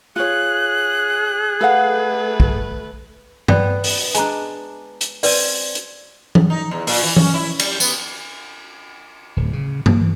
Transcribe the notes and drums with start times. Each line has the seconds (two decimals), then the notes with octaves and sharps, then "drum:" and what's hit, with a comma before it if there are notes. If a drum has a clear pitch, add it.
0.16 F4 G#4 C#5 F#6
1.61 A3 A4 B4 F5 F#5
2.40 drum: kick
3.48 B3 D5 G5, drum: tom
3.84 drum: open hi-hat
4.14 G#3 D4 G#5 A#5, drum: hi-hat
5.01 drum: hi-hat
5.23 C4 B4 D5 G#5, drum: open hi-hat
5.75 drum: hi-hat
6.35 drum: tom E3
6.50 D#4
6.71 E2
6.87 A#2, drum: open hi-hat
7.03 E3
7.17 C#4, drum: tom E3
7.34 E4
7.59 G3, drum: cymbal
7.80 B3, drum: tambourine
9.37 D1
9.53 C#3
9.86 A#3, drum: tom
10.01 E3